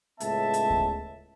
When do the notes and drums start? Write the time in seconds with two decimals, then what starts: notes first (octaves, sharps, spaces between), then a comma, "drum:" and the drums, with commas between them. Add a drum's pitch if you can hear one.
0.20 C#2 A2 C#3 B3 E5 A5, drum: hi-hat
0.54 drum: hi-hat
0.70 drum: kick D2